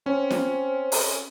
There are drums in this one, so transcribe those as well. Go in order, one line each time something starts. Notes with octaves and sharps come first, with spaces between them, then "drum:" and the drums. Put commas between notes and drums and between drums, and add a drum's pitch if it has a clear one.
C4 C#4
drum: snare
drum: open hi-hat